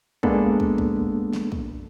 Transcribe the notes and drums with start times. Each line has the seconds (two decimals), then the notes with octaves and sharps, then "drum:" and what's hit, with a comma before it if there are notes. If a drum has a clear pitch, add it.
0.23 G#3 A#3 B3 D4 A4, drum: kick
0.60 drum: kick
0.78 drum: kick
0.97 drum: tom G#2
1.33 drum: snare
1.52 drum: kick